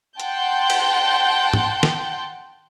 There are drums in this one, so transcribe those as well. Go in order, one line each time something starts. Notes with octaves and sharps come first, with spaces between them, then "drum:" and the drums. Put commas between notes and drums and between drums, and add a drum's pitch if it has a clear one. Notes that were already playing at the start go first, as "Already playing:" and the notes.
F#5 G5 A5 C6 G6, drum: hi-hat
drum: cymbal
drum: tom
drum: snare